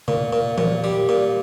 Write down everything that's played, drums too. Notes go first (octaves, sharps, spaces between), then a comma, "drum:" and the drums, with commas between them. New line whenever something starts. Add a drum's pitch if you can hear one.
A#2, drum: tom C3
A#2
A#2, drum: tom E3
G3
A#2